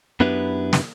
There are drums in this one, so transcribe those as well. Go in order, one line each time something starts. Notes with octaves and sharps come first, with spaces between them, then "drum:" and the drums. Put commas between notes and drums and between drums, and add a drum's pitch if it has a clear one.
F#2 B3 D4 E4 G4 B4
drum: snare